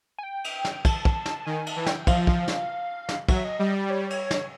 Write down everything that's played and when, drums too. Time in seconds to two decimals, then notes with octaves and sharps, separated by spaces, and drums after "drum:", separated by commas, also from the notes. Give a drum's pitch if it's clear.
0.18 G#5
0.23 G5
0.44 drum: cymbal
0.65 drum: snare
0.85 A5, drum: kick, cymbal
1.05 drum: kick
1.26 drum: snare
1.40 A5
1.45 D#3 G#5
1.66 A5, drum: cymbal
1.76 E3
1.86 G5, drum: snare
2.07 F3 F5, drum: kick, cymbal
2.27 drum: kick
2.48 drum: snare
3.09 drum: snare
3.29 F#3 E5, drum: kick, cymbal
3.45 D#5
3.59 G3 D#5
3.75 D5
3.90 C#5
4.10 drum: cymbal
4.31 drum: snare